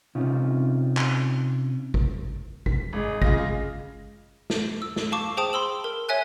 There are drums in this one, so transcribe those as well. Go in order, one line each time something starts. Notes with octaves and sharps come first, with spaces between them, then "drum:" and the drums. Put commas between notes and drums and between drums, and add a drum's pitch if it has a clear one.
C3 C#4 D#4 F4
drum: clap
drum: kick G#1
B6, drum: kick G#1
G#1 G#3
C#3 F4 A#6, drum: kick G#1
drum: snare
E6
drum: snare
F5 A5 C#6 D6
G#4 C5 G5 A5 D#6
B5 C6 E6 F#7
A#4
C#5 E5 G#5 F#6